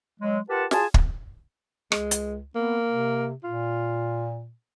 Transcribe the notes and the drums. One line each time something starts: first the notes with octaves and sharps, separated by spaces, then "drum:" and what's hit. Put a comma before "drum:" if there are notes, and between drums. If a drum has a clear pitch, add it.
F#3 G#3
F4 G4 A#4 B4 F#5 A5
F4 G#4 G#5 A5, drum: snare
drum: kick
C#2 G#3, drum: rim click
drum: hi-hat
A#3 B3
C3
A#2 F4